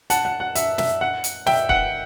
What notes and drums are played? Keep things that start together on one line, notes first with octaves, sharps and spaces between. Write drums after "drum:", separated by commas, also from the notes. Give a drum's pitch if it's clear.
F#5 A5, drum: hi-hat
F#5
F#5
E5, drum: hi-hat
E5, drum: snare
F#5
drum: hi-hat
E5 G5, drum: snare
F#5, drum: kick